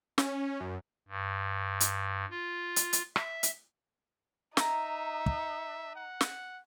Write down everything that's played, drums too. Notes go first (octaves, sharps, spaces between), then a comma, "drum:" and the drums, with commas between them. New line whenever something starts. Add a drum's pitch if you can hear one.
C#4, drum: snare
F#2
G2
drum: hi-hat
F4
drum: hi-hat
drum: hi-hat
E5, drum: rim click
drum: hi-hat
D#4 E5 G#5 A#5, drum: snare
drum: kick
F#5
drum: snare